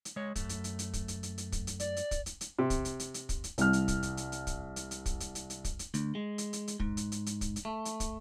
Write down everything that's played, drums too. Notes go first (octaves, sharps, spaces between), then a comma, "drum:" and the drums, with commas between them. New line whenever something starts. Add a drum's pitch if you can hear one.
drum: hi-hat
G#3 C#5
F#2 A3, drum: kick, hi-hat
drum: hi-hat
drum: hi-hat
drum: hi-hat
drum: kick, hi-hat
drum: hi-hat
drum: hi-hat
drum: hi-hat
drum: kick, hi-hat
drum: hi-hat
D5, drum: hi-hat
drum: hi-hat
drum: kick, hi-hat
drum: hi-hat
drum: hi-hat
C3
drum: kick, hi-hat
drum: hi-hat
drum: hi-hat
drum: hi-hat
drum: kick, hi-hat
drum: hi-hat
C2 F6, drum: hi-hat
drum: hi-hat
drum: kick, hi-hat
drum: hi-hat
drum: hi-hat
drum: hi-hat
drum: kick, hi-hat
drum: hi-hat
drum: hi-hat
drum: kick, hi-hat
drum: hi-hat
drum: hi-hat
drum: hi-hat
drum: kick, hi-hat
drum: hi-hat
D2, drum: hi-hat
G#3
drum: hi-hat
drum: hi-hat
drum: hi-hat
G#2, drum: kick
drum: hi-hat
drum: hi-hat
drum: hi-hat
drum: kick, hi-hat
drum: hi-hat
A3
drum: hi-hat
drum: kick, hi-hat